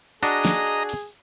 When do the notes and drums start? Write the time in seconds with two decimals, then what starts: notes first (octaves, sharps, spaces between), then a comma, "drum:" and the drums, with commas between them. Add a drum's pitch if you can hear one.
0.23 D4 F#4 G#4 D#5 A#5, drum: open hi-hat
0.45 drum: snare
0.67 drum: hi-hat
0.89 drum: open hi-hat